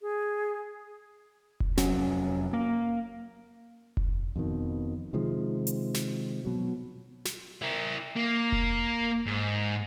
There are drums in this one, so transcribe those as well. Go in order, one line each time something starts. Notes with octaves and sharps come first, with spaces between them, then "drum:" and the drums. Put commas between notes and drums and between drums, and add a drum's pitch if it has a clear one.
G#4
drum: kick F1
F1 F#3 C#4, drum: snare
A#3
drum: kick F1
F2 B2 D#3
C3 D#3 F3 G#3
drum: hi-hat
drum: snare
B2 F#3
drum: snare
E4 A#4
A#3
drum: kick F1
G#2